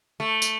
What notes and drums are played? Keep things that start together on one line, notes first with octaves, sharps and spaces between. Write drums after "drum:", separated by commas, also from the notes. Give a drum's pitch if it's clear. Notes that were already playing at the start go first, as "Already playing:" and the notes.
A3
drum: tambourine